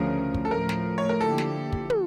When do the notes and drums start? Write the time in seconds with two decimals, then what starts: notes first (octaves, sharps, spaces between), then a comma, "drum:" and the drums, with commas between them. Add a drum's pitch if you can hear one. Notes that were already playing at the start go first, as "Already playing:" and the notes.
Already playing: D2 C#3 F3 A#4
0.34 drum: kick
0.45 A4
0.51 A2 F3 A3 A#4
0.69 drum: snare
0.98 C#5
1.09 A#4
1.21 D3 F3 A#3 E4 G4 A4
1.38 drum: snare
1.73 drum: kick
1.90 drum: tom